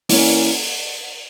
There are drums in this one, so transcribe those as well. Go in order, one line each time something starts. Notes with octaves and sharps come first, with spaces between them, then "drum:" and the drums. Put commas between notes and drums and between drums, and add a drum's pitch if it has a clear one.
E3 A#3 C#4, drum: open hi-hat